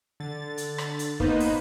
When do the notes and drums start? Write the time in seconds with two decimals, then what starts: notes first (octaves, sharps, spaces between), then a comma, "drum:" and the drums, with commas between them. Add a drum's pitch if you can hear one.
0.20 D3 A6
0.58 drum: hi-hat
0.78 drum: rim click
0.99 drum: hi-hat
1.20 A#3 B3 D#4 B4 C5, drum: kick
1.41 drum: open hi-hat